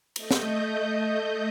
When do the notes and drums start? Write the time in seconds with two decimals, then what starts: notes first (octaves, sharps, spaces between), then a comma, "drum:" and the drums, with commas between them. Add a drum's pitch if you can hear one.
0.16 A3 D#5 G6, drum: cymbal
0.31 drum: snare